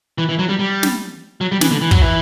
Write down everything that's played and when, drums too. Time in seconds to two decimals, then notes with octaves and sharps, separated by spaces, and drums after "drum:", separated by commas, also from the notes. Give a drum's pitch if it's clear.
0.18 E3
0.29 E3
0.39 F#3
0.49 G3
0.59 G3
0.83 drum: snare
1.41 F#3
1.52 G3
1.61 E3, drum: snare
1.71 D3
1.81 E3
1.91 F#3, drum: kick
2.01 E3